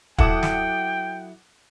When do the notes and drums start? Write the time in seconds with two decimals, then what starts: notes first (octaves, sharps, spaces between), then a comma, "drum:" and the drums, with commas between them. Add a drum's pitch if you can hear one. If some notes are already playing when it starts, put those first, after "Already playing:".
0.18 F#3 E4 A4 F#5 G5 D6 D#6, drum: kick
0.43 drum: snare